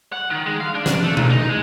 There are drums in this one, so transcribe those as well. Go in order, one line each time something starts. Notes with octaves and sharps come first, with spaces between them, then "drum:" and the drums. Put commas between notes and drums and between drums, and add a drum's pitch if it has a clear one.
F#5
D#3
G#3
F5
D4
drum: snare
A3
A#2, drum: tom B2
D#4
G#3